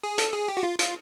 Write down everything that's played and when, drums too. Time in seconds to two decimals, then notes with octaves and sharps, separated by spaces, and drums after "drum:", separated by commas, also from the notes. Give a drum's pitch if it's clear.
0.03 G#4
0.18 A4, drum: hi-hat
0.33 G#4
0.48 G4
0.57 F#4
0.63 F4
0.79 F4, drum: hi-hat